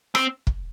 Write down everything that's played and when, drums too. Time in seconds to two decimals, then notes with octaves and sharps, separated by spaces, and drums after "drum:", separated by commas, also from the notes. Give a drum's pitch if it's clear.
0.15 C4, drum: rim click
0.47 drum: kick